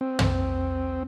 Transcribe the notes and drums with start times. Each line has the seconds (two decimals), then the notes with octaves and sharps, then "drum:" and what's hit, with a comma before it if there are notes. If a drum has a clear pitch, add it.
0.01 C4
0.19 drum: tom